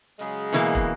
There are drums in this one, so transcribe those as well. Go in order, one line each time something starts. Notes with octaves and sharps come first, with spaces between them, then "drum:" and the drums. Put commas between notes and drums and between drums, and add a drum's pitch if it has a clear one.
C#3 F#3 G#3, drum: hi-hat
B2 E3 A#3
drum: kick, hi-hat